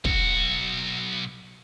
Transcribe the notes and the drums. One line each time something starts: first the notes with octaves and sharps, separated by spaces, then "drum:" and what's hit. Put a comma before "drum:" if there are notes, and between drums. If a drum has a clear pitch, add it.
B1 F#4, drum: kick